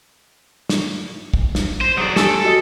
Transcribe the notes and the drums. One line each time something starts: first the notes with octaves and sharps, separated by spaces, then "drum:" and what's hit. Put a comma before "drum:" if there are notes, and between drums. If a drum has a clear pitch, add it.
drum: snare
drum: kick
drum: snare
C5
F#3 G#4 D5 D#6
G4 A4 G#5 E6, drum: snare
F#4 D#5 D#6